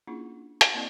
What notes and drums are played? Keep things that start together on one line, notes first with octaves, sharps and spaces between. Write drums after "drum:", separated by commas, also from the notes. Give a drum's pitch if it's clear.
A#3 C#4 D4 E4 F4 G#4
F#4, drum: hi-hat
A#3 C4 E4 D5 D#5